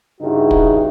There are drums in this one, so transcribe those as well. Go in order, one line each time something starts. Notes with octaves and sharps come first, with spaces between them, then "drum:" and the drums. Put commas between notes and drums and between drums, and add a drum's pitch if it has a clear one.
G2 C#3 D#4 E4 F#4
drum: kick